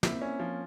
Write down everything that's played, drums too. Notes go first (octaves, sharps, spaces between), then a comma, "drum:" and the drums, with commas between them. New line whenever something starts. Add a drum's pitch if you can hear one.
A#3 C4 E4, drum: snare
C#4
F3